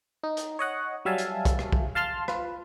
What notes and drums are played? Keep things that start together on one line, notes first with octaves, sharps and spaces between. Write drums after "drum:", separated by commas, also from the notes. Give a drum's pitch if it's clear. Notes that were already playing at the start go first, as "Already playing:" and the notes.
D#4
drum: hi-hat
C#5 D#5 F#5
F#3 G3 E5 F5 G#5 A5
drum: hi-hat
drum: kick, hi-hat
drum: rim click
drum: kick
F5 A5 C6 F6
F4 B4, drum: rim click